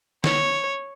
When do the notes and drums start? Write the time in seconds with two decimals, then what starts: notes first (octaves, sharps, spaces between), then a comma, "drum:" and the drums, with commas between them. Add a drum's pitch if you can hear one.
0.24 C#5, drum: snare